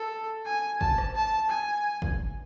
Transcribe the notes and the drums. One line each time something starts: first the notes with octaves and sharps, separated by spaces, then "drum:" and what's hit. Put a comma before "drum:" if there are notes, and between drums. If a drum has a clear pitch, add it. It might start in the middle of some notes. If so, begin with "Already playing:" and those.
Already playing: A4
G#5
A5, drum: kick
drum: rim click
A5
G#5
drum: kick